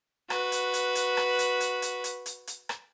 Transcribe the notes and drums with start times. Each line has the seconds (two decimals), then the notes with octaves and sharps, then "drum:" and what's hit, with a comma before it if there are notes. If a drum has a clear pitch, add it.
0.30 F#4 B4, drum: rim click
0.52 drum: hi-hat
0.74 drum: hi-hat
0.95 drum: hi-hat
1.17 drum: rim click
1.39 drum: hi-hat
1.61 drum: hi-hat
1.82 drum: hi-hat
2.04 drum: hi-hat
2.26 drum: hi-hat
2.47 drum: hi-hat
2.69 drum: rim click